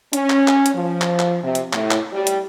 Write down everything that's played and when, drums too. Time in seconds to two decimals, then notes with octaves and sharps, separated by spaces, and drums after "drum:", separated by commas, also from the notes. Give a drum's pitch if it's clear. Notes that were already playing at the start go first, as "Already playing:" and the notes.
0.13 C#4, drum: hi-hat
0.30 drum: clap
0.48 drum: clap
0.66 drum: hi-hat
0.75 F3
1.01 drum: clap
1.19 drum: clap
1.43 C3
1.55 drum: hi-hat
1.73 A2, drum: clap
1.91 drum: clap
2.12 G3
2.27 drum: hi-hat